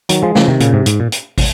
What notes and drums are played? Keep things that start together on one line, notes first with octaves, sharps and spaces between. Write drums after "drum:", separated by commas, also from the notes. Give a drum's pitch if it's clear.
D#3 F#3, drum: hi-hat
F3 G#3
C#3 F3, drum: snare
C3 D#3
A#2 C#3, drum: hi-hat
G#2 C3
G#2, drum: hi-hat
A#2
drum: hi-hat
drum: kick, open hi-hat